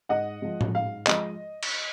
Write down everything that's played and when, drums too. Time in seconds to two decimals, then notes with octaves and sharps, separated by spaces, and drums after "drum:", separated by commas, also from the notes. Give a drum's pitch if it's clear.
0.09 G#2 D#5 F#5
0.42 F3 G#3
0.61 drum: tom A2
0.74 G#2 F5
1.06 F3 G#3 D#5, drum: clap
1.63 drum: cymbal